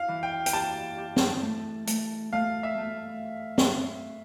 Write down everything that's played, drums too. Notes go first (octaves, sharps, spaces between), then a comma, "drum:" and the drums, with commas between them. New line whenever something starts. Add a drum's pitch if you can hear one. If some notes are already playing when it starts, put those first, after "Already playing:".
Already playing: E4 F5
E3
G5
G5, drum: hi-hat
G4 A5
G4
drum: snare
A3
A3, drum: hi-hat
A3 F5
E5
A3
drum: snare